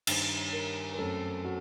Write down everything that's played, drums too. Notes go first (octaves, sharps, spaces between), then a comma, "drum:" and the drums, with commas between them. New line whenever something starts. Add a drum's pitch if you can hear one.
G2 D#3 G3, drum: cymbal
A#4
A#4
F#2 F#3 A3 C4 A4
F#4